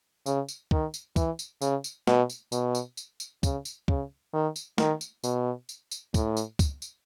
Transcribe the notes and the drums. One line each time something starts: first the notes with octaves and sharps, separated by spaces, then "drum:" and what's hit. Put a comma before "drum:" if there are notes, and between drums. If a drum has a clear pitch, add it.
C#3, drum: tambourine
drum: tambourine
D#3, drum: kick
drum: tambourine
E3, drum: kick, tambourine
drum: tambourine
C#3, drum: tambourine
drum: tambourine
B2, drum: snare
drum: tambourine
B2, drum: tambourine
drum: tambourine
drum: tambourine
drum: tambourine
C#3, drum: kick, tambourine
drum: tambourine
C#3, drum: kick
D#3
drum: tambourine
D#3, drum: snare
drum: tambourine
B2, drum: tambourine
drum: tambourine
drum: tambourine
A2, drum: kick, tambourine
drum: tambourine
drum: kick, tambourine
drum: tambourine